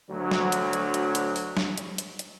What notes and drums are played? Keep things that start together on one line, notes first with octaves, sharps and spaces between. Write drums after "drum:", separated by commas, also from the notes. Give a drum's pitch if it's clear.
D2 F#3
drum: snare
drum: hi-hat
drum: hi-hat
drum: hi-hat
drum: hi-hat
drum: open hi-hat
drum: snare
drum: hi-hat
drum: hi-hat
drum: hi-hat